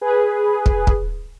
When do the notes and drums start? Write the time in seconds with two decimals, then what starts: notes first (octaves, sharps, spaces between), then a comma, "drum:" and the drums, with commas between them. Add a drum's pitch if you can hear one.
0.01 G#4 B4
0.66 drum: kick
0.87 drum: kick